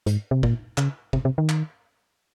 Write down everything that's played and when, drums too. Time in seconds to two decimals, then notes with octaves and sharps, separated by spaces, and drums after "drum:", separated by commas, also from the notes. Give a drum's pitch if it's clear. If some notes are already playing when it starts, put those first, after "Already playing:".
0.06 G#2, drum: hi-hat
0.31 C3
0.43 A#2, drum: kick
0.78 C#3, drum: clap
1.13 C3, drum: kick
1.25 C3
1.38 D#3
1.49 drum: clap